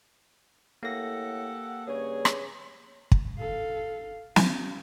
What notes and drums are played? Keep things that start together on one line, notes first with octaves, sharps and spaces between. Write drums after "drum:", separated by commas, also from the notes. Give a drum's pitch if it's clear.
A2 A#3 G4 A4 F#5 A#6
G2 C#3 G#4 C#5
drum: rim click
drum: kick
A4 F5
C#4, drum: snare